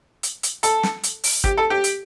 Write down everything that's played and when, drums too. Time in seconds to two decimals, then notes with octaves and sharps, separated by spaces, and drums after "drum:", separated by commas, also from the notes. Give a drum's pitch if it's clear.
0.23 drum: hi-hat
0.43 drum: hi-hat
0.63 A4, drum: hi-hat
0.83 drum: snare
1.03 drum: hi-hat
1.24 drum: open hi-hat
1.44 G4, drum: kick
1.57 A4
1.70 G4
1.84 drum: hi-hat